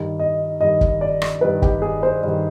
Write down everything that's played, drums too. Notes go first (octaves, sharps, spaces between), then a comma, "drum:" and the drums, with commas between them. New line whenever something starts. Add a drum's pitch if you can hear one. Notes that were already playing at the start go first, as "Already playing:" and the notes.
Already playing: G2 D#3
D#5
G2 D#3 D#5
drum: kick
D5
drum: rim click
G2 D#3 B4
G4, drum: kick
G#4
C5
G2 D#3